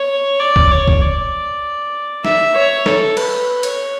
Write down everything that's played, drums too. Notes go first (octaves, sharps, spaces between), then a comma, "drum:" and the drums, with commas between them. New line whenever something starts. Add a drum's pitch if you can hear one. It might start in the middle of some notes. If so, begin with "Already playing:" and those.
Already playing: C#5
D5
drum: kick
C#5
drum: kick
D5
E5, drum: snare
C#5
A4, drum: snare
B4, drum: cymbal
C#5, drum: hi-hat